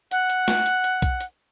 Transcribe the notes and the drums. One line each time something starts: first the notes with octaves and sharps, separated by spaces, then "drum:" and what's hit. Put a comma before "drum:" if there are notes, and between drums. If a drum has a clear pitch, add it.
F#5, drum: hi-hat
drum: hi-hat
drum: snare
drum: hi-hat
drum: hi-hat
drum: kick B1, hi-hat
drum: hi-hat